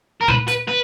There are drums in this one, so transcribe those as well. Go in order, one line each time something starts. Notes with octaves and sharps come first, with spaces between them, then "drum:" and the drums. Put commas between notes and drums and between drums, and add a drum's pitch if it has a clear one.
A#4
B4, drum: tom A#2
B4, drum: hi-hat
B4